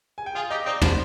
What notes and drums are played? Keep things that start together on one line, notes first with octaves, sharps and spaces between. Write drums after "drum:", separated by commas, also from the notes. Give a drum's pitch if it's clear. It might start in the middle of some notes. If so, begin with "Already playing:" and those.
G#5
G5
F4 G#4 F5
D#4 G4 D#5
C4 D#4 D5
B3 D4 C5, drum: tom